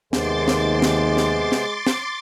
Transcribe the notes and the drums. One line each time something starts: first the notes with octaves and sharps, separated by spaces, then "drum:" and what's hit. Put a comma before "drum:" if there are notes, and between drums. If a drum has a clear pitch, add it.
D#2 C3 G#3 B3 C5 C6 D6 A6, drum: snare
drum: snare
drum: snare
drum: snare
drum: snare
drum: snare